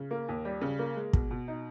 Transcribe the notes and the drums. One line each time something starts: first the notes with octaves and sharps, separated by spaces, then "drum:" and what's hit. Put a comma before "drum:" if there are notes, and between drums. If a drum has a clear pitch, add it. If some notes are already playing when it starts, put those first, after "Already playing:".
Already playing: C#3
A#3
D#2
G3
C#3
A#3
G#3
B2, drum: kick
B2
D#4